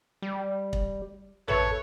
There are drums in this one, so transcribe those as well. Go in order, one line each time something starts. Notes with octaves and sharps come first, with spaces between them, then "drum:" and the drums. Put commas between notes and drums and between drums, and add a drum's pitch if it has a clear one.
G3
drum: kick
A4 B4 C#5 E5 C#6, drum: tom A1